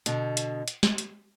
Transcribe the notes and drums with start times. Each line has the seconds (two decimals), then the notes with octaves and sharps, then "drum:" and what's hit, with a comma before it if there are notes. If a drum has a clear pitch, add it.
0.06 B2 D3, drum: hi-hat
0.37 drum: hi-hat
0.68 drum: hi-hat
0.83 drum: snare
0.98 drum: hi-hat